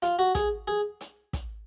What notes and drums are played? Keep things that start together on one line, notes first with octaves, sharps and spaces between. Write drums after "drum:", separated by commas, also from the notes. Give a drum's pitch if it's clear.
F4, drum: hi-hat
F#4
G#4, drum: kick, hi-hat
G#4
drum: hi-hat
drum: kick, hi-hat